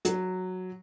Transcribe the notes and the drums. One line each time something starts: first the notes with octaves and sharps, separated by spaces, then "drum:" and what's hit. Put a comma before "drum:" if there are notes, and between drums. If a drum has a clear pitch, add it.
F#3, drum: hi-hat